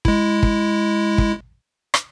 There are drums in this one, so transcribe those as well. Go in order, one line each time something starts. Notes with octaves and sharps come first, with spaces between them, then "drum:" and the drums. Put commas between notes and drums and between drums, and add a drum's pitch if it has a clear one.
G#3 E4, drum: kick
drum: kick
drum: kick
drum: rim click